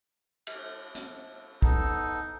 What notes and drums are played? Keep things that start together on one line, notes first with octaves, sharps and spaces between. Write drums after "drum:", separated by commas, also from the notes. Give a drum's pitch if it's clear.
drum: cymbal
drum: hi-hat
B3 D#4 A4 E6, drum: kick